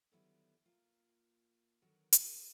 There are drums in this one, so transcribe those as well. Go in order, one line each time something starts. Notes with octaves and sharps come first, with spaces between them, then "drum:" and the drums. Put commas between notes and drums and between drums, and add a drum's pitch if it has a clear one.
D3 D#3 F#3 G3 B3 E4
A#3 F4
D3 D#3 F#3 B3 F#4 A#4
drum: hi-hat
F4 A4 A#4 D#5